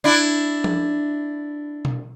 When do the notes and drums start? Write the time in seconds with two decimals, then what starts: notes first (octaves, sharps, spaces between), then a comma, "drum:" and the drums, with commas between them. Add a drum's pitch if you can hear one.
0.04 D4 E4
0.64 drum: tom F3
1.85 drum: tom B2